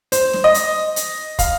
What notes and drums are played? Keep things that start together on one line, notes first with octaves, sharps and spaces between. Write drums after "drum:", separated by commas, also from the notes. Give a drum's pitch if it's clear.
C5, drum: hi-hat
drum: snare
D#5
drum: hi-hat
drum: hi-hat
F5, drum: kick, hi-hat